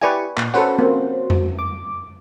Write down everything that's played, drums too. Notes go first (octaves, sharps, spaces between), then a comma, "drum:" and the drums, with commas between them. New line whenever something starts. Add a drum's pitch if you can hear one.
E4 G4 B4 D5 G#5 C#6
A#2, drum: clap
C#4 F#4 A4 B4 C5 F#5
A#3 C4
drum: tom F2
D6